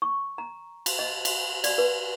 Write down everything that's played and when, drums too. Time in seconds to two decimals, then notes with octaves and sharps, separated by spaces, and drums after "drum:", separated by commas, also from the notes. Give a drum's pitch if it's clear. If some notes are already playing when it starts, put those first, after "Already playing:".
0.02 C#6
0.38 A#5
0.86 drum: cymbal
0.99 D#5
1.25 drum: cymbal
1.64 D5, drum: cymbal
1.78 B4